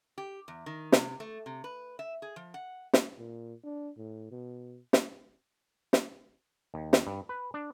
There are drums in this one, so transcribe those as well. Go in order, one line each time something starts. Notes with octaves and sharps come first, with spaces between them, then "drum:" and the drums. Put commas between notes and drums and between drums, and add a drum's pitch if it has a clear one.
G4
E2
D#3
C3, drum: snare
A3
C3
B4
E5
G#4
F3
F#5
drum: snare
A#2
D4
A2
B2
drum: snare
drum: snare
D#2
drum: snare
G2
B4
D4